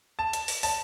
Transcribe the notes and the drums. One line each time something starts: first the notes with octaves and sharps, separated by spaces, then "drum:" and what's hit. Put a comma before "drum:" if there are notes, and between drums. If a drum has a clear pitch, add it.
A5
drum: hi-hat
drum: open hi-hat
A5, drum: open hi-hat